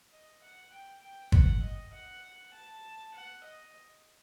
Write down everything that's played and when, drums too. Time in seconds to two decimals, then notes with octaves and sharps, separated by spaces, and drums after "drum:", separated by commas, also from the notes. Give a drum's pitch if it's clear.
0.12 D#5
0.42 F#5
0.72 G5
1.02 G5
1.32 F#5, drum: kick
1.62 D#5
1.93 F#5
2.53 A5
3.14 F#5
3.44 D#5